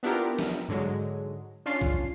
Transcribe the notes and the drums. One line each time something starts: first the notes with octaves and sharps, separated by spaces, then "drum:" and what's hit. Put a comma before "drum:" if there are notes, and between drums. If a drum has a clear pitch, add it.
B3 D4 E4 F4 G4 A#4
drum: snare
G#2 D3 F#3 G#3
C#4 D4 F4 C7
drum: kick